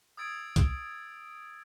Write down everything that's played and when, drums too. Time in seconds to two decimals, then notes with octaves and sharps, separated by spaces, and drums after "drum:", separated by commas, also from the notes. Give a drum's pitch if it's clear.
0.17 D#6 E6 G#6 A6 D7
0.56 drum: kick B1, hi-hat